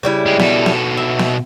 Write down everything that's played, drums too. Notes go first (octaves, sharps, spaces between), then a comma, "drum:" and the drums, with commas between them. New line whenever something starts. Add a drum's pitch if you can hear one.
C#3 G3 E4
G#3 G4
B2 A4, drum: snare B3
drum: snare B3
E5
drum: snare B3